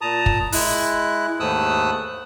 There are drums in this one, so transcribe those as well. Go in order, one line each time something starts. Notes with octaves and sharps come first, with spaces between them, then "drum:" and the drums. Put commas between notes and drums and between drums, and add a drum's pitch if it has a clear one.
A#2 A5 A#5 D#6
drum: kick
G#3 E4 F#6, drum: open hi-hat
D#2 G#2 A3 D#6 E6 F#6